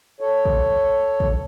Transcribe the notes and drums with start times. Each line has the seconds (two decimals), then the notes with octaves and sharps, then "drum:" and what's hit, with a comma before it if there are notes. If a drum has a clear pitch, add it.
0.21 A4 C#5
0.45 drum: kick
1.20 drum: kick